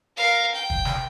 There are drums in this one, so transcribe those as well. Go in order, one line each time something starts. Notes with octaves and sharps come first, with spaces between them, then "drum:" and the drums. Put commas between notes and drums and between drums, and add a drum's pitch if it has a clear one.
A#4 F5
G5
drum: kick
drum: snare